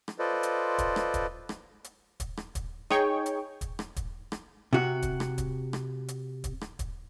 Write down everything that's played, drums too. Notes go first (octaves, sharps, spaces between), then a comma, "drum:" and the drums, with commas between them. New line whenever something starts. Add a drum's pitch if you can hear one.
drum: rim click
F4 A4 B4 C5 D5 D#5
drum: hi-hat
drum: kick, hi-hat
drum: rim click
drum: kick, hi-hat
drum: rim click
drum: hi-hat
drum: kick, hi-hat
drum: rim click
drum: kick, hi-hat
D#4 G#4 C#5 G5 C#6, drum: rim click
drum: hi-hat
drum: kick, hi-hat
drum: rim click
drum: kick, hi-hat
drum: rim click
C3 F#4
drum: kick, hi-hat
drum: rim click
drum: kick, hi-hat
drum: rim click
drum: hi-hat
drum: kick, hi-hat
drum: rim click
drum: kick, hi-hat